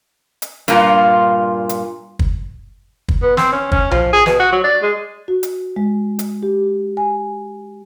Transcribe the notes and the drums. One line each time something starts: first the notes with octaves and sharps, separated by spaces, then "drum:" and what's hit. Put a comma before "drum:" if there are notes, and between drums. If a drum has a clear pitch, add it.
drum: hi-hat
G2 A#2 F4, drum: hi-hat
drum: hi-hat
drum: kick
drum: kick
B3
C4, drum: snare
C#4
C#4, drum: kick
F3, drum: tom B1
G#4
B2, drum: snare
F#4
F#3
D5
G#3
F#4
drum: hi-hat
G#3
drum: hi-hat
G4
G#5